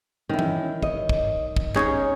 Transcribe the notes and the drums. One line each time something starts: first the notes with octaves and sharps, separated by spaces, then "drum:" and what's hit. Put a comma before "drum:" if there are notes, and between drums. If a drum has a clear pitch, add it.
D#3 C#4 E4
drum: tom E3
C#5 D#5, drum: kick
drum: kick
drum: kick
C#4 D#4 G#4 C#5, drum: clap